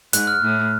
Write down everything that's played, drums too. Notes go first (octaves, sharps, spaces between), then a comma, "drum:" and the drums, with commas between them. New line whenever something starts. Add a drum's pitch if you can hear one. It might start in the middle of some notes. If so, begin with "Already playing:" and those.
G#2 F#6, drum: hi-hat
F6
A2